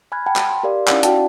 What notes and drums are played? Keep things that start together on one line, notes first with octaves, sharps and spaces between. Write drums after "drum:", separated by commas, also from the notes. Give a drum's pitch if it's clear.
G#5 B5 F6 F#6 G#6
F#5 G5 A5 B5
drum: clap
C6
G4 A#4 D5 F5
C#4 D#4 E4 D5 F5 F#5, drum: clap
F#4 F#5 G5 A5, drum: hi-hat